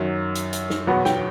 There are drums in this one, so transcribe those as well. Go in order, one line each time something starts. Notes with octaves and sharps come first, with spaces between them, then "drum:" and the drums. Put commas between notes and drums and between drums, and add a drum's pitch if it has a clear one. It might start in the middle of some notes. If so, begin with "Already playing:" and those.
Already playing: F#2 D#3 F#3
drum: hi-hat
drum: hi-hat
drum: snare
E2 B2 F#3 B3 F#5
G5, drum: snare